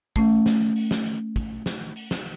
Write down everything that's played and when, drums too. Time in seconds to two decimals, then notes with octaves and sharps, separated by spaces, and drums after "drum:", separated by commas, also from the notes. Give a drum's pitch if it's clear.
0.16 A3 C#4, drum: kick, hi-hat
0.46 drum: snare
0.76 drum: open hi-hat
0.91 drum: snare
1.06 drum: hi-hat
1.36 drum: kick, hi-hat
1.66 drum: snare
1.96 drum: open hi-hat
2.11 drum: snare